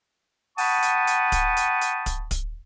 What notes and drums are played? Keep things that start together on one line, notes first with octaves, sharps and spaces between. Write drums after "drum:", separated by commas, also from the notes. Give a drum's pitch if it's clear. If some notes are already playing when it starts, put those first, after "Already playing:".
F#5 G5 A5 B5 C#6 D#6, drum: open hi-hat
drum: hi-hat
drum: hi-hat
drum: kick, hi-hat
drum: hi-hat
drum: hi-hat
drum: kick, hi-hat
drum: kick, hi-hat